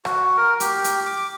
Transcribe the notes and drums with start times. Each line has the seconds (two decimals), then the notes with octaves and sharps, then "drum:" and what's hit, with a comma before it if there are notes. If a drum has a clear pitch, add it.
0.05 F#4, drum: rim click
0.37 A#4
0.60 G4, drum: hi-hat
0.84 drum: hi-hat
1.06 D6